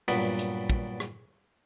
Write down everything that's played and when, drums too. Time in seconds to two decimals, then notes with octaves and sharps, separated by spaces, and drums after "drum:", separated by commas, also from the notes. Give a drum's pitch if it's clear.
0.08 G2 A#2 F#3 B3
0.39 drum: hi-hat
0.70 drum: kick
1.00 drum: rim click